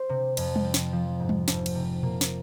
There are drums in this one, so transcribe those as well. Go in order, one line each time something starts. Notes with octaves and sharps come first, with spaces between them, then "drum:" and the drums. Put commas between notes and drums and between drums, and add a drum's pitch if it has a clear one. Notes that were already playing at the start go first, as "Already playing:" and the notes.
Already playing: C5
C3
F2, drum: cymbal
drum: tom G3
C4
drum: snare
F3
G#2
drum: tom G3
F1, drum: snare
drum: cymbal
C3
A#3, drum: tom A#2
drum: snare